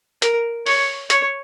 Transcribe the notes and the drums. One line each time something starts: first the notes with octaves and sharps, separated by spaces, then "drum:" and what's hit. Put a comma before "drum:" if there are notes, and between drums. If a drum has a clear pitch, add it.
A#4, drum: hi-hat
C#5, drum: open hi-hat
C#5, drum: hi-hat